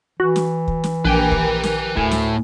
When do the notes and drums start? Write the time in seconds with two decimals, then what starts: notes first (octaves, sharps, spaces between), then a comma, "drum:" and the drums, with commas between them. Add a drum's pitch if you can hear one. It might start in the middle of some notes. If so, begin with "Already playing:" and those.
0.20 E3 F#4
0.36 drum: snare
0.68 drum: kick
0.84 drum: snare
1.05 A#1 G4 A#4 B4 G5 G#5
1.32 drum: kick
1.63 drum: snare
1.97 D2 A2 G#5, drum: kick
2.11 drum: snare